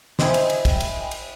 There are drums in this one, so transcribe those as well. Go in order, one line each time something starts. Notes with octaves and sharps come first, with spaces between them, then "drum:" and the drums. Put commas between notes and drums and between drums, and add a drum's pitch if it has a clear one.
C5 D#5 E5 G5 G#5 B5, drum: snare
drum: cymbal
drum: cymbal
drum: kick, cymbal
drum: cymbal
drum: cymbal